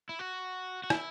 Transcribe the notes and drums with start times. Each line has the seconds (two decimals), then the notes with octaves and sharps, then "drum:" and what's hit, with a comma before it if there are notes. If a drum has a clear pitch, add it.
0.09 E4
0.19 F#4
0.84 F#4
0.90 E4, drum: rim click